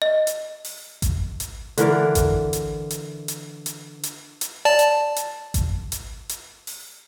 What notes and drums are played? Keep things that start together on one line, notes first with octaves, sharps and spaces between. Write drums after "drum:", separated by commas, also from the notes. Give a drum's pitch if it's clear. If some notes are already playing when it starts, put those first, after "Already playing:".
D#5
drum: hi-hat
drum: open hi-hat
drum: kick G#1, hi-hat
drum: hi-hat
D3 E3 A#4 D5, drum: hi-hat
drum: kick G#1, hi-hat
drum: hi-hat
drum: hi-hat
drum: hi-hat
drum: hi-hat
drum: hi-hat
drum: hi-hat
D5 A5
drum: hi-hat
drum: hi-hat
drum: kick G#1, hi-hat
drum: hi-hat
drum: hi-hat
drum: open hi-hat